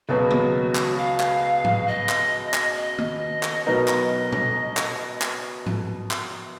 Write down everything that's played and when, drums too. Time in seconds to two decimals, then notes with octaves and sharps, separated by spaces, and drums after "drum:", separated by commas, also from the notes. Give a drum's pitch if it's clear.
0.08 C#2 B2 F#3 B3 F#4
0.31 drum: tom
0.75 drum: clap
0.97 F5
1.20 drum: clap
1.64 drum: tom G#2
1.87 D#5
2.09 drum: clap
2.54 drum: clap
2.76 D#5
2.98 drum: tom
3.43 drum: clap
3.65 B2 F#3 B3 D#4 A#4 D#5
3.88 drum: clap
4.32 drum: tom A#2
4.77 drum: clap
5.22 drum: clap
5.66 drum: tom G#2
6.11 drum: clap